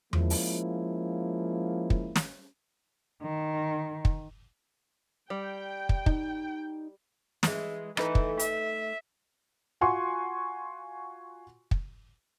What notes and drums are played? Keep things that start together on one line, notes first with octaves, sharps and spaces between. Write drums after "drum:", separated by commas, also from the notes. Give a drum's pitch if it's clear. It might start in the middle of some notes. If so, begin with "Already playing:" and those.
F3 G#3 A#3 C#4 E4, drum: tom E2
drum: open hi-hat
drum: kick
drum: snare
D#3
drum: kick
G3 G5
drum: kick
D#4, drum: kick
E3 G#3, drum: snare
E3 A3 D#4 B4, drum: rim click
drum: kick
E5, drum: hi-hat
F4 F#4 F#5 G#5 C6 C#6
drum: kick